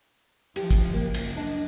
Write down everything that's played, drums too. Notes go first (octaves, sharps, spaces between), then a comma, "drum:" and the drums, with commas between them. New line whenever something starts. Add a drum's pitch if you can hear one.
F3 G4, drum: cymbal
drum: kick, cymbal
C#2 F#2 A#3
drum: cymbal
D4 D#5 A5